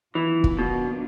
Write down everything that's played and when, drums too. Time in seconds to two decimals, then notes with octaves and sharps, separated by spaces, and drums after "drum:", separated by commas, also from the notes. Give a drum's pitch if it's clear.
0.14 D#3 E3 F#3 B3 D4 F4
0.44 drum: kick
0.59 B2